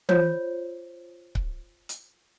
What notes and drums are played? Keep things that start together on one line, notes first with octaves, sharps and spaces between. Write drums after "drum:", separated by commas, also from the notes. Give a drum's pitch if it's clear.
F4 C5 C#5, drum: tom E3
drum: kick C#1
drum: hi-hat